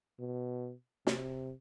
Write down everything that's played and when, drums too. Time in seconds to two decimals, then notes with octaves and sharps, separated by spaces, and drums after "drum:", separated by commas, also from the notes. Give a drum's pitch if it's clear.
0.20 B2
1.07 C3, drum: snare